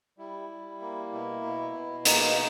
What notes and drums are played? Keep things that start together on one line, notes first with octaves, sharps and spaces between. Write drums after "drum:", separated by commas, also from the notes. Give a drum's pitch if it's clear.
G3 E4
G3
A#3
B2 E4
B2
B2
A#3 D#4, drum: hi-hat